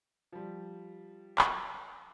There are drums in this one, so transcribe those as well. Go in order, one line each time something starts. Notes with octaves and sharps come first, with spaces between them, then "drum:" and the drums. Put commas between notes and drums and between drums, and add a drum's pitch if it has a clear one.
F3 G3
drum: clap